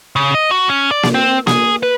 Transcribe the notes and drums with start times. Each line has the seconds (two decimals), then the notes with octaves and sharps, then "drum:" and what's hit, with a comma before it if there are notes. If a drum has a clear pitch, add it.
0.16 C#3
0.34 D#5
0.51 F#4
0.69 C#4
0.91 D5
1.03 drum: snare A#3
1.14 C4
1.47 G#4, drum: snare A#3
1.83 B4